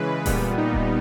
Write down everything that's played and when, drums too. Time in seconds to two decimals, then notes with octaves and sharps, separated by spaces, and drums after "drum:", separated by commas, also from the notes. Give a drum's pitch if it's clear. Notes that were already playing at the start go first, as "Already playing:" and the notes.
Already playing: C#3 E3 G#3 B4
0.26 A#2 G3 B3, drum: kick D#1, open hi-hat
0.57 D#4
0.73 drum: kick D#1